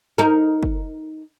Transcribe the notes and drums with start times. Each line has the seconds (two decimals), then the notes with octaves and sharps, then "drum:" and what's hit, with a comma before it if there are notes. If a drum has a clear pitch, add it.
0.18 D#4 A#4
0.63 drum: kick